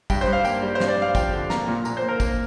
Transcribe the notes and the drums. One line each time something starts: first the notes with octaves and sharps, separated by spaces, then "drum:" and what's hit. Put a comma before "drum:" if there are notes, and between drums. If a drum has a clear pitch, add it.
G2 G5, drum: kick, tambourine
C5
G2
F5
A#3 G5, drum: tambourine
G3
C5
G2, drum: snare
D5
G2 F5
F3 G5, drum: kick, tambourine
D3
A#3 A#5, drum: snare
A#2
A#2 A#5, drum: tambourine
C5
A#3
A#4
A#3, drum: kick, tambourine